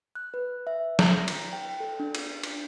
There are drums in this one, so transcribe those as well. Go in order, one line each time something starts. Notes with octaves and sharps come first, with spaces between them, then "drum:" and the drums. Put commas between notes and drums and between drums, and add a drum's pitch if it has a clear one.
F#6
B4
E5
A#5, drum: snare
A#6
drum: cymbal
G5
A4
D4
drum: cymbal
drum: cymbal